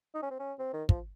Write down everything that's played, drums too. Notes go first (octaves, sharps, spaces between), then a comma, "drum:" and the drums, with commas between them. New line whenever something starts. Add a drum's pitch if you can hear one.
D#4
C#4
C4
C#4
C4
D#3
F3, drum: kick